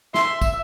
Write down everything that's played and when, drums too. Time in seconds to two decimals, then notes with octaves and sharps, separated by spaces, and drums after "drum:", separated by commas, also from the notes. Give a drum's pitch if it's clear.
0.14 E5 C6, drum: snare
0.42 drum: kick, tambourine